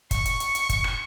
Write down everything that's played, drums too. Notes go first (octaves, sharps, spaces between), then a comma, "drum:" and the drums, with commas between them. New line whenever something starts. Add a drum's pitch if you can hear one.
C#6, drum: kick, hi-hat
drum: hi-hat
drum: hi-hat
drum: hi-hat
drum: kick, hi-hat
drum: rim click